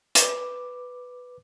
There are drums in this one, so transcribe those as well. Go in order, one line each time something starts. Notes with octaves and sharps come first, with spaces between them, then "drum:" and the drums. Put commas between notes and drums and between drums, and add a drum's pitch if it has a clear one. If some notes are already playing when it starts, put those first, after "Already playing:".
B4 D6, drum: hi-hat